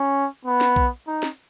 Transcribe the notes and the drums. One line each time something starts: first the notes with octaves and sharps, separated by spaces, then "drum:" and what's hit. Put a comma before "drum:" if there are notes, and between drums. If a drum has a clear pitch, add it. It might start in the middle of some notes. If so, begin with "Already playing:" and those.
Already playing: C#4
B3
drum: snare
drum: kick A#1
D#4
drum: snare